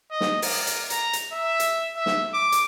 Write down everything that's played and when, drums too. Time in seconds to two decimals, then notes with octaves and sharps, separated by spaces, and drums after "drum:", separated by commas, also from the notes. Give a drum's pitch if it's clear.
0.11 D#5
0.21 drum: snare
0.42 A#4, drum: open hi-hat
0.67 drum: hi-hat
0.90 A#5, drum: hi-hat
1.13 drum: hi-hat
1.32 E5
1.60 drum: hi-hat
1.96 E5
2.06 drum: snare
2.34 D6
2.52 drum: hi-hat